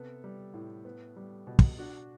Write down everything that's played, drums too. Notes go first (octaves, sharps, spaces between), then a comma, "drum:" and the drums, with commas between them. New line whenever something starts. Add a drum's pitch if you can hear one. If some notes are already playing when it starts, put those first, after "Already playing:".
Already playing: C3 B3 A4
G3
A2
B3
G3
B2
drum: kick
D4 F#4